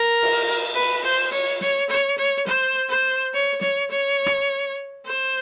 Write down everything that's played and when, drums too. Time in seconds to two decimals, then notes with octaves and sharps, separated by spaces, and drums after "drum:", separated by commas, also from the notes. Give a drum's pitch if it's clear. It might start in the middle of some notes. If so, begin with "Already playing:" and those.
Already playing: A#4
0.23 drum: cymbal
0.74 B4
1.04 C5
1.32 C#5
1.61 C#5, drum: snare
1.89 C#5
2.18 C#5
2.47 C5, drum: snare
2.89 C5
3.33 C#5
3.61 C#5, drum: snare
3.91 C#5
4.26 drum: rim click
5.05 C5